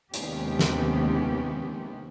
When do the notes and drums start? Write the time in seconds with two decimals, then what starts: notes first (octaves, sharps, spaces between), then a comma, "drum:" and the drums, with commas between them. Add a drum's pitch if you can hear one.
0.14 D#2 C3 G#3 B3 C#4 G4, drum: hi-hat
0.59 drum: snare